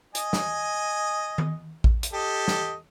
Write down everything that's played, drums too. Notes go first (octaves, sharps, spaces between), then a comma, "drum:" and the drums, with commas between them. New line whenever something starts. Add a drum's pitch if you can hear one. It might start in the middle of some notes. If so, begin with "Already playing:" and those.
D#5 G#5, drum: hi-hat
drum: snare
drum: tom D#3
drum: kick A1
drum: hi-hat
G4 A4 D#5
drum: snare